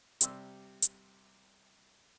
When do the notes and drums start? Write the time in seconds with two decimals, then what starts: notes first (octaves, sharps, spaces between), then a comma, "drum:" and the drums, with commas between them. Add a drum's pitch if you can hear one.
0.21 C3 G3 C6 E6, drum: hi-hat
0.83 drum: hi-hat